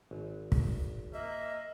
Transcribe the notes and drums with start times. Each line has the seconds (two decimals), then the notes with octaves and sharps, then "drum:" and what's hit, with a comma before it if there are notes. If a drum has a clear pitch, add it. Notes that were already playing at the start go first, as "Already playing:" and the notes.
0.11 G#1
0.52 drum: kick
1.14 A#3 D#5 E5